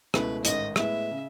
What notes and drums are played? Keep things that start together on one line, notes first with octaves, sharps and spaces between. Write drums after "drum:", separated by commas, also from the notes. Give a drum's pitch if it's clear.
C#2 B2 A3 E4 B4, drum: rim click
A1 G#2 D#3 D#5, drum: hi-hat
A2 G#3 B3 E4 E5, drum: rim click
C#3